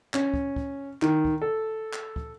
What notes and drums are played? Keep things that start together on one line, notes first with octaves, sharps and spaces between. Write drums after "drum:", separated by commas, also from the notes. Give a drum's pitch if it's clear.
C#4, drum: clap
drum: kick
drum: kick
D#3, drum: clap
drum: kick
A4
drum: clap
drum: kick